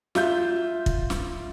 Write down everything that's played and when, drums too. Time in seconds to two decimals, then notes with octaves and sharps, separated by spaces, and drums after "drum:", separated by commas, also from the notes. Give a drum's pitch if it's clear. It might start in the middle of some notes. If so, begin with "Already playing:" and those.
0.15 F4 E5 G6, drum: snare
0.86 drum: kick
1.10 drum: snare